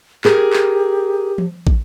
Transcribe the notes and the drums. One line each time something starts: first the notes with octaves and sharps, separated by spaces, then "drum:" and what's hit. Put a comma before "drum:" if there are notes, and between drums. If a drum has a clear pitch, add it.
G4 G#4 A#4, drum: clap
drum: clap
drum: tom E3
drum: kick